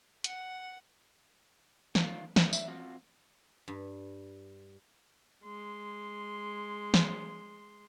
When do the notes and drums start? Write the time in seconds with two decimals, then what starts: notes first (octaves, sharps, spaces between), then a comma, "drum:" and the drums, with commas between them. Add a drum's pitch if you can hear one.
0.24 F#5, drum: hi-hat
1.95 D#3 F4, drum: snare
2.36 D#4 A#4, drum: snare
2.53 E5, drum: tambourine
2.68 C4 F4 F#4
3.68 G2
5.44 G#3 C6
6.94 drum: snare